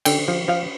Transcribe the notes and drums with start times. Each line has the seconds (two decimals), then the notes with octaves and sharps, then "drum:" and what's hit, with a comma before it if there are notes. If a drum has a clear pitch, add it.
0.05 D3 G5, drum: cymbal
0.28 F3
0.48 F3 F5